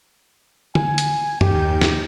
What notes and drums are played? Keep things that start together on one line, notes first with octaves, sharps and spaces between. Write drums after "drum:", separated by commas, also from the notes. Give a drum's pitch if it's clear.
G#5, drum: tom
drum: hi-hat
D#2 D#3 G4 G6, drum: tom F#2
drum: snare